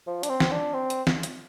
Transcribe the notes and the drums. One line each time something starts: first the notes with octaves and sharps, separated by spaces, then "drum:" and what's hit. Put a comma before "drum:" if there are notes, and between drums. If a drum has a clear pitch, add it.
F3
D4, drum: hi-hat
C4
drum: snare
D4
C4
drum: hi-hat
drum: snare
drum: hi-hat